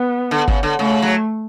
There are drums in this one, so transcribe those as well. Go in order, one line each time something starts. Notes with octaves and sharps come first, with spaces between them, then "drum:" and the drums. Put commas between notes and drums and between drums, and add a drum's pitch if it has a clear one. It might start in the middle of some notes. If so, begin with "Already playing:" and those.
Already playing: B3
D3
C#3, drum: kick G1
D3
C#3 A3
F#3